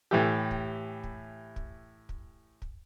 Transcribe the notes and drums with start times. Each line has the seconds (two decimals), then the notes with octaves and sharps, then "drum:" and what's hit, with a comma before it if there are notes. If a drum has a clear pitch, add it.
0.11 A2 E3 G4
0.51 drum: kick
1.04 drum: kick
1.56 drum: kick
2.09 drum: kick
2.62 drum: kick